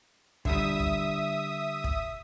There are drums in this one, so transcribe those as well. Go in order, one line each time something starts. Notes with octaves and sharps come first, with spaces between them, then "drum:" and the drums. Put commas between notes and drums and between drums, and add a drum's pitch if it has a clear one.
D3 G3 E5 D#6, drum: kick
drum: kick
drum: kick